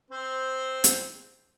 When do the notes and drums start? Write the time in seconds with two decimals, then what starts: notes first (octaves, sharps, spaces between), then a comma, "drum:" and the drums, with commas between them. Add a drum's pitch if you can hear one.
0.11 C4 C5
0.84 drum: hi-hat